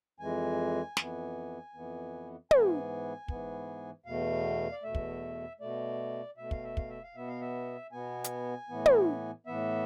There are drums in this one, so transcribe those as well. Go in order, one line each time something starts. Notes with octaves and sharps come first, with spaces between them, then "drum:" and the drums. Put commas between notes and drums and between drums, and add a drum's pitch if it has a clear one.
F2 E3 G#3 G#5
F2 E3 B3, drum: snare
F2 E3 B3
G#2 E3 B3 G#5, drum: tom
G#2 E3 B3, drum: kick
E2 B2 A3 F5
D5
E2 B2 A3 E5
drum: kick
B2 A3 D5
B2 A3 E5
F5, drum: kick
E5
F5, drum: kick
E5
F5
B2 B3 E5
F5
E5
B2 B3 G#5
drum: hi-hat
A2 E3 B3
drum: tom
A2 E3 B3 E5